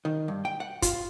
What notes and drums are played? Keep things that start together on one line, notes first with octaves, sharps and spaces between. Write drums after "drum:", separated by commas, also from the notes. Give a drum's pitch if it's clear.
D#3
G2
G5
F#5
F4, drum: kick, hi-hat